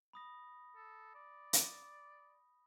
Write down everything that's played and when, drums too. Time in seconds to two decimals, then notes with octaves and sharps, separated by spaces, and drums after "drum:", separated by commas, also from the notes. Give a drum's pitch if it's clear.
0.13 B5 D#6 A#6
0.76 A4
1.15 D5
1.53 drum: hi-hat